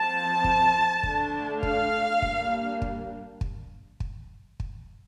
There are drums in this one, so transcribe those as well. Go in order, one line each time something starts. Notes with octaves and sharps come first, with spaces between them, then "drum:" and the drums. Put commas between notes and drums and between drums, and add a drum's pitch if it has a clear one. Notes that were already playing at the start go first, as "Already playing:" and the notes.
Already playing: F3 C4 A5
drum: kick
D3 A3 D4, drum: kick
F5, drum: kick
G3 A#3 D4, drum: kick
drum: kick
drum: kick
drum: kick
drum: kick